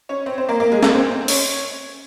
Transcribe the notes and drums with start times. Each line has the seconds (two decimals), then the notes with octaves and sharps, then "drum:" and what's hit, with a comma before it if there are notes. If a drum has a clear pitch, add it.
0.09 C#4 C#5
0.26 C4 C5
0.38 C4 C5
0.49 A#3 A#4
0.60 A#3 A#4
0.72 G#3 G#4
0.83 A#3 A#4, drum: snare
0.94 C4 C5
1.28 C#4 C#5, drum: open hi-hat